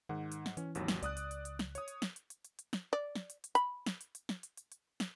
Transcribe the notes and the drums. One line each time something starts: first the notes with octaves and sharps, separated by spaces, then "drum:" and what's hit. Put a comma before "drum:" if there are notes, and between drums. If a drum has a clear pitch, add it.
G#2 D#3 F#5
drum: hi-hat
drum: snare
E3 C#4, drum: hi-hat
G#1 D#2 F#3, drum: hi-hat
drum: snare
C#2 D5 D#6 F#6, drum: hi-hat
drum: hi-hat
drum: hi-hat
drum: hi-hat
drum: snare
C#5 D#6, drum: hi-hat
drum: hi-hat
drum: snare
drum: hi-hat
drum: hi-hat
drum: hi-hat
drum: hi-hat
drum: snare
D5
drum: snare
drum: hi-hat
drum: hi-hat
B5, drum: hi-hat
drum: snare
drum: hi-hat
drum: hi-hat
drum: snare
drum: hi-hat
drum: hi-hat
drum: hi-hat
drum: snare